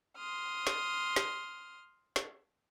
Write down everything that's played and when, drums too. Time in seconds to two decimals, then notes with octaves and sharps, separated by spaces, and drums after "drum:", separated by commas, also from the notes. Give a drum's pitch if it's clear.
0.17 C6 D#6 F6
0.67 drum: snare
1.16 drum: snare
2.16 drum: snare